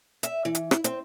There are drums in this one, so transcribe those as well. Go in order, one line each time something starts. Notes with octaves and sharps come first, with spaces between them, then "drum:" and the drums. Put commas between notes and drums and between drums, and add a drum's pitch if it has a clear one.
E5, drum: hi-hat
E3
drum: hi-hat
E4, drum: rim click
C4, drum: hi-hat